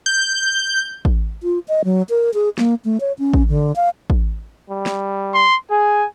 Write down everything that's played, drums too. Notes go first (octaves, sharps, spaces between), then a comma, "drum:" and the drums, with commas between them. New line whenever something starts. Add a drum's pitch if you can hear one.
G6
drum: kick A1
F4
D#5
F#3
A#4
G#4
A#3, drum: snare
A3
C#5
C#4
drum: kick A1
D3
F5
drum: kick A1
G3
drum: snare
C6
G#4 G#5